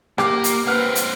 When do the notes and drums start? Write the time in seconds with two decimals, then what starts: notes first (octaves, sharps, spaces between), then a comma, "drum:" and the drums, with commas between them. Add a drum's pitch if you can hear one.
0.18 A#3 G4 D6, drum: rim click
0.44 drum: hi-hat
0.66 A#3 C4 B4 F#5 F6
0.95 drum: hi-hat